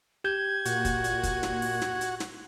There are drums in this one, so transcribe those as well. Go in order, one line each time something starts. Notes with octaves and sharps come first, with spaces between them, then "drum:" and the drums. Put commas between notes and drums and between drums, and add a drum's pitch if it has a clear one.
G4 G6 G#6
A#2 F#4, drum: hi-hat
drum: kick, hi-hat
drum: hi-hat
drum: kick, hi-hat
drum: snare
drum: open hi-hat
drum: snare
drum: hi-hat
drum: snare